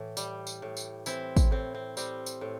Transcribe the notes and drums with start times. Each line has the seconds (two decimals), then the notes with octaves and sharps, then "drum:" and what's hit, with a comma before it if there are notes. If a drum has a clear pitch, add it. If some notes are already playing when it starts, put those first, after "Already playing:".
Already playing: A2 E3
0.17 G3, drum: tambourine
0.47 drum: tambourine
0.62 A2
0.77 drum: tambourine
1.06 E3 C4 E4, drum: tambourine
1.37 drum: kick, tambourine
1.51 A2 C4
1.75 C4
1.97 G3 C4, drum: tambourine
2.26 drum: tambourine
2.41 A2